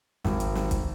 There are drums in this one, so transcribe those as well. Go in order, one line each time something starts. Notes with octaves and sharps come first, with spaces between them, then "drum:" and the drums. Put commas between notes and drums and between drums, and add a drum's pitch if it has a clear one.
G#1, drum: snare
drum: hi-hat
drum: snare
drum: kick, hi-hat